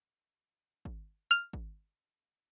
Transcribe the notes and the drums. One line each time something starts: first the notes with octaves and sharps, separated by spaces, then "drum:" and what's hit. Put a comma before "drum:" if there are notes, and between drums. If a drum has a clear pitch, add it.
drum: kick
F6
drum: kick